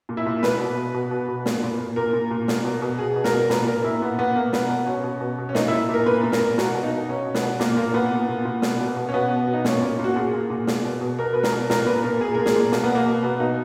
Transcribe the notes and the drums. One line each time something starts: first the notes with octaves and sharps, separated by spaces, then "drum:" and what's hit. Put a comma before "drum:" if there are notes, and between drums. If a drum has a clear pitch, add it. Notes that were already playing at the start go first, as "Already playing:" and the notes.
A#2
E4
A#2
B2 B4, drum: snare
B2
B2
B2
B2
B2
A#2, drum: snare
A#2
A#2
A#2 A#4
A#2
A#2
B2, drum: snare
B2
B2
B2 G#4
B2
A#4, drum: snare
B2
A#2 B4, drum: snare
A#2 A#4
A#2 E4
A#2 B3
A#2 B3
A#2 A#3
B2 B3, drum: snare
B2 B3
B2 C#4
B2
B2
B2
C#4
A#2 D#4, drum: snare
A#2 E4
A#2
A#4
A#2 B4
A#2
A#4, drum: snare
A#2
B2 F#4, drum: snare
B2
D#4
B2
B2 C#4
B2
B3, drum: snare
B2
A#2 A#3, drum: snare
A#2 A#3
A#2 B3
A#2
A#2
A#2
B2, drum: snare
B2
B2
C#4
B2 B3
B2
B2
D#4
A#2 C#4, drum: snare
A#2
A#2
F#4
A#2 G#4
A#2
A#2
B2, drum: snare
B2
B2
B2 A#4
B2 B4
A#4, drum: snare
B2
A#2 A#4, drum: snare
A#2 B4
A#2 A#4
A#2 G#4
A#2 A#4
G#4, drum: snare
A#2
B2 A#3, drum: snare
B3
B2
A#3
B2
B2 B3
B2 D#4